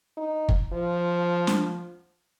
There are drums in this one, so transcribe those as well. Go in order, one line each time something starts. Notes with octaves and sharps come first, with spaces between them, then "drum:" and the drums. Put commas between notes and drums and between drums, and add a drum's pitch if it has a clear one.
D#4
drum: kick
F3
drum: snare